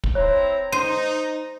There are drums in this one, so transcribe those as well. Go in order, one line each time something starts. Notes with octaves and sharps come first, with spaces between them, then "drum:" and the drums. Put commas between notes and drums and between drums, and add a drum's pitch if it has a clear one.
drum: kick
C4 E4 C#5 A#5
D#4 C5 D#7